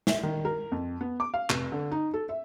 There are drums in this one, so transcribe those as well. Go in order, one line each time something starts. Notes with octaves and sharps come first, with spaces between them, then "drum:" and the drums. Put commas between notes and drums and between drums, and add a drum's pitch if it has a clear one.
E5, drum: snare
D#3
A#4
F2
B3
D6
F5
F1, drum: clap
D3
D#4
A4
E5